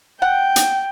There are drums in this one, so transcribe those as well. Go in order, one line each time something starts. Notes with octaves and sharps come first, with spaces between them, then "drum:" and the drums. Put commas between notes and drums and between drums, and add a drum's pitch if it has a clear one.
F#5 G5
drum: hi-hat